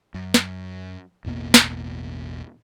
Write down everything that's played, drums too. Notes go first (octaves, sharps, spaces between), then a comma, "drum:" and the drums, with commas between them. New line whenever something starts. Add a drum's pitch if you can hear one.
F#2
drum: snare
A1 E2 B2 A#3
drum: snare